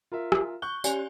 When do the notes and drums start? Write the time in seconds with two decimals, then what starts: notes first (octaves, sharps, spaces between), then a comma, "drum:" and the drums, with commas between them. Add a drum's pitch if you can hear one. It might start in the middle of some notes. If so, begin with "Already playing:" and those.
0.12 F4 A#4 E5
0.32 drum: rim click
0.62 C#6 F#6 G6 G7
0.84 C#4 G4 D5 G#5 F7, drum: tambourine